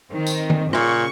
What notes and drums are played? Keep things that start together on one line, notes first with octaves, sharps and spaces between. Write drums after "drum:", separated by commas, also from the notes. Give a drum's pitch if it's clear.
D#3 C4
drum: tambourine
drum: tom D#3
A#2 C#3 C#6, drum: rim click